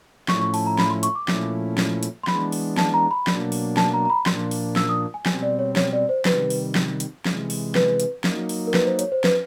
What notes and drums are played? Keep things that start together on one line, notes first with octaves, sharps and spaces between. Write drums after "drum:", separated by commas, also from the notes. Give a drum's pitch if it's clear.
A2 F3 A3 C#4 E4 C#6, drum: snare
C#6
A5, drum: open hi-hat
A#5
B5, drum: snare
C6
C#6, drum: hi-hat
D6
A#2 F3 A3 C#4 E4, drum: snare
drum: snare
drum: hi-hat
C6
E3 G#3 B3 D4 B5, drum: snare
drum: open hi-hat
A5, drum: snare
A#5
B5
B2 F#3 A#3 D4, drum: snare
drum: open hi-hat
A5, drum: snare
A#5
A#5
B5
A#2 F3 A#3 D4 C6, drum: snare
drum: open hi-hat
E6, drum: snare
D#6
G#5
B2 G3 C4 G#5, drum: snare
D5
C#5
C#5, drum: snare
D5
C5
C3 D#3 G3 B4, drum: snare
drum: open hi-hat
drum: snare
drum: hi-hat
C3 E3 G#3, drum: snare
drum: open hi-hat
B4, drum: snare
drum: hi-hat
F#3 A#3 D#4, drum: snare
drum: open hi-hat
A#4
B4, drum: snare
C5
C#5, drum: hi-hat
C5
B4, drum: snare